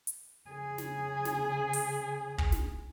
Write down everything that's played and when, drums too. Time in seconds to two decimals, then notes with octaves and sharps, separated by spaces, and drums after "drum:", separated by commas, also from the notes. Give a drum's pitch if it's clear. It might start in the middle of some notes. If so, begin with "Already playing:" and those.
0.07 drum: hi-hat
0.49 C#3 G#4
0.78 drum: snare
1.25 drum: snare
1.73 drum: open hi-hat
2.38 drum: kick
2.52 drum: snare